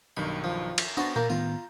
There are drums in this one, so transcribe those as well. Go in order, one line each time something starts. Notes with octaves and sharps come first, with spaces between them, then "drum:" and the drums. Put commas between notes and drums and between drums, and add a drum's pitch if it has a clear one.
B1 G2 D#3 B5
F3
drum: cymbal
B3 D4 F#4 C5 A6 A#6
A#2 A#3 A#5 G6
A2 D#3 B3 F4